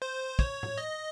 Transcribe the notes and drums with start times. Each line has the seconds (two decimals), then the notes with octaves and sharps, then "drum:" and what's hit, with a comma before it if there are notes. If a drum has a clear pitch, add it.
0.02 C5
0.39 C#5, drum: kick
0.63 drum: tom A2
0.78 D#5